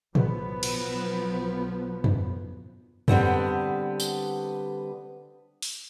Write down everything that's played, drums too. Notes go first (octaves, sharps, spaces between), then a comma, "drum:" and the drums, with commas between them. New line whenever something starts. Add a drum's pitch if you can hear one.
B1 F3 F#3 B3, drum: tom A2
drum: cymbal
drum: tom F2
D3 G3 B3 C4, drum: tom F2
drum: tambourine
drum: open hi-hat